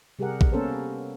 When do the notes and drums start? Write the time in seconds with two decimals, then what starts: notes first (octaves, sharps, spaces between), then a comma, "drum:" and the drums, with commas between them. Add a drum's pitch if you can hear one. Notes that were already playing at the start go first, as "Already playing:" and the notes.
0.19 C3 G3 G4 G#4 A#4 F#5
0.41 drum: kick A#1
0.52 A#3 B3 C#4 A4 A#4 C5